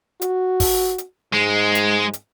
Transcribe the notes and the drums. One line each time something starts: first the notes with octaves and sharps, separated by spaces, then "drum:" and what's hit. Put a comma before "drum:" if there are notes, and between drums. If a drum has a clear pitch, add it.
F#4, drum: hi-hat
drum: kick, open hi-hat
drum: hi-hat
G#2 G#3
drum: hi-hat
drum: hi-hat